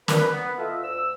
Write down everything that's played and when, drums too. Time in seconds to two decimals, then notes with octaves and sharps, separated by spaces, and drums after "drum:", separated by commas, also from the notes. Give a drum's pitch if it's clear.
0.08 D4 A#4 B4, drum: snare
0.33 B3
0.58 F4 A4 D#5 E5
0.81 D2 E6